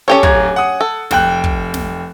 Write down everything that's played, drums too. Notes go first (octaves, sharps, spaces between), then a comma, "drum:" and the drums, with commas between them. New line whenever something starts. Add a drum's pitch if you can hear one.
C#4 G4 A4 C#5
D1 A#5 G#6, drum: kick
F#5 D#6
A4
F1 G5 F#6, drum: snare
drum: kick
drum: snare